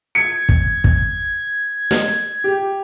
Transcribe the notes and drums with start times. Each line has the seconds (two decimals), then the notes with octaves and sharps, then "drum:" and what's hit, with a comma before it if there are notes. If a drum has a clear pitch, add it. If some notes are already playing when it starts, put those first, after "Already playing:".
0.15 G#6 C#7
0.49 drum: kick
0.84 drum: kick
1.91 drum: snare
2.44 G4